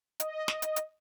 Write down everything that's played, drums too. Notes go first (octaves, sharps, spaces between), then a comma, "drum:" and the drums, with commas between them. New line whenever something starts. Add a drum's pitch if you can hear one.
D#5, drum: hi-hat
drum: snare
drum: hi-hat
drum: hi-hat